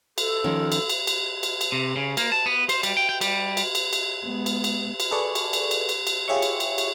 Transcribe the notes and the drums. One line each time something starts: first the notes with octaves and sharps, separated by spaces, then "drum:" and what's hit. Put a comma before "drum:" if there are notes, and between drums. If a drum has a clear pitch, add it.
A4, drum: cymbal
D#3 F3 C#4
drum: cymbal
drum: cymbal
drum: cymbal
drum: cymbal
drum: cymbal
C3
C#3
A#3, drum: cymbal
A5
B3
C5, drum: cymbal
G3, drum: cymbal
G5
G5
G3, drum: cymbal
drum: cymbal
drum: cymbal
drum: cymbal
G#3 B3
drum: cymbal
drum: cymbal
drum: cymbal
G#4 A4 B4 D5 C#6
drum: cymbal
drum: cymbal
drum: cymbal
drum: cymbal
drum: cymbal
F4 G4 G#4 C#5 E5 C#6
drum: cymbal
drum: cymbal
drum: cymbal